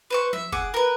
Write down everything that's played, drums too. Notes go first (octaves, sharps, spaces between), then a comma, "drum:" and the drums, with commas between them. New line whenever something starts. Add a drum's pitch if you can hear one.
B4 C5 C#6
E5, drum: tom F3
G#4 F#5 D6, drum: kick
A#4 B4